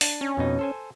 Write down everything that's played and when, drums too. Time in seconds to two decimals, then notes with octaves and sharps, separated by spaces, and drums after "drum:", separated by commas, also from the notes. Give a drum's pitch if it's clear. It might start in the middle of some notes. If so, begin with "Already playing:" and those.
0.01 D4, drum: open hi-hat
0.21 C#4
0.37 F2 B2 D#4
0.59 A4 C5 G#5